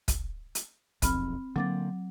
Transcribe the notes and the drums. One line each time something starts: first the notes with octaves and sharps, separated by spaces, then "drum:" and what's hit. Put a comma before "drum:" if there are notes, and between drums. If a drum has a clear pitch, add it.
drum: kick, hi-hat
drum: hi-hat
E1 B1 F2 C4 B5 F6, drum: kick, hi-hat
D3 F#3 A#3 C4 D6 A6